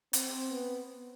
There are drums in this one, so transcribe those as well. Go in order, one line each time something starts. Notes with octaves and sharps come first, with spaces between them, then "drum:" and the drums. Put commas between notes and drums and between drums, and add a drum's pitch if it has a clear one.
C4, drum: hi-hat
B3